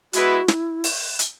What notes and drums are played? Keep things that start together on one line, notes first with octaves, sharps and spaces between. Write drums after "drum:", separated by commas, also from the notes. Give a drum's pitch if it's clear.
G#3 B3 E4 F#4 B4, drum: hi-hat
E4, drum: snare
drum: open hi-hat
drum: hi-hat